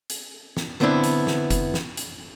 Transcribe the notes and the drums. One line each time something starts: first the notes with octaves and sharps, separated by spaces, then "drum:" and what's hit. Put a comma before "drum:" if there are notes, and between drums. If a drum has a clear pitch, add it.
drum: hi-hat
drum: snare
D3 B3 C4 D4 E4
drum: hi-hat
drum: snare
drum: kick F#1, hi-hat
drum: snare
drum: hi-hat